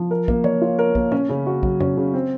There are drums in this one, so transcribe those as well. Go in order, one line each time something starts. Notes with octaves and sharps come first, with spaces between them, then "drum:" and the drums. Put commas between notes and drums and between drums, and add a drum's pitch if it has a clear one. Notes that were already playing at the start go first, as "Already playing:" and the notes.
Already playing: F3
A#4
A#3, drum: kick
C#5, drum: tom E3
F4
A#4
A#3, drum: kick
C#4, drum: tom A#2
C#3
F#4
F#3, drum: kick
C#4, drum: tom
C#3
C4